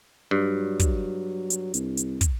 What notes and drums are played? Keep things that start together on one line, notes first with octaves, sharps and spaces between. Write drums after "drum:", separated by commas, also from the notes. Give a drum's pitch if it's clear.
G2 F#3
drum: kick, hi-hat
drum: hi-hat
C2, drum: hi-hat
drum: hi-hat
drum: kick, hi-hat